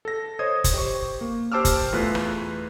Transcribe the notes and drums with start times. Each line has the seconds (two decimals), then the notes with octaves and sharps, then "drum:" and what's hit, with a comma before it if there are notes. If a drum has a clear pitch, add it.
0.05 A4 A#6
0.39 C5 C#5 D#5 D#6 G#6
0.64 drum: kick F#1, hi-hat
0.74 G4 C5 C#6
1.21 A#3
1.52 G4 C5 A5 D6 E6 F6
1.65 drum: kick F#1, hi-hat
1.93 E2 A3 F4 B4 F#6
2.15 drum: rim click